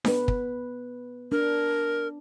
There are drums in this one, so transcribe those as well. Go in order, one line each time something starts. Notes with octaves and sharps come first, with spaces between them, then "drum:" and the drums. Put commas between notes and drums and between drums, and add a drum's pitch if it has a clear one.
B3 B4, drum: snare D4
drum: kick
D4 A#4